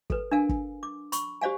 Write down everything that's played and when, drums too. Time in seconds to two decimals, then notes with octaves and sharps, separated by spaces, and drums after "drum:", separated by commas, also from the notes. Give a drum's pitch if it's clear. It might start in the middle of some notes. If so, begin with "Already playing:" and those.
0.10 A4 B4, drum: kick
0.31 D4 A#4 F5 G#5
0.49 drum: kick
0.83 D6
1.12 B5 C#6, drum: hi-hat
1.41 G4 C5 D5 F5 G#5